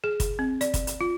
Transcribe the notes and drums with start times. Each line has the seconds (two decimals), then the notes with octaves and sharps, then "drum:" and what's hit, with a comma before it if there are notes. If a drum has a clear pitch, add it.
0.04 G#4
0.20 drum: kick, hi-hat
0.39 C4
0.61 D5, drum: hi-hat
0.74 drum: kick, hi-hat
0.87 drum: hi-hat
1.01 F4